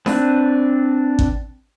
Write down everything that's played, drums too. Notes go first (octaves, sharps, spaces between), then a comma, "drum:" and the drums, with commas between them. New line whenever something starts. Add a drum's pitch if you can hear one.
C4 D4 B4, drum: snare D#4
drum: kick G#1